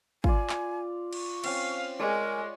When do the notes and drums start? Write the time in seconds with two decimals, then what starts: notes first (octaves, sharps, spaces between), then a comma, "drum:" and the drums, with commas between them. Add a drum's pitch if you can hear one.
0.24 F4 D5 G#5, drum: kick
0.49 drum: clap
1.13 C#6, drum: cymbal
1.44 C4 C#4 F5, drum: cymbal
1.99 G#3 A#4 C#5 D5 C#6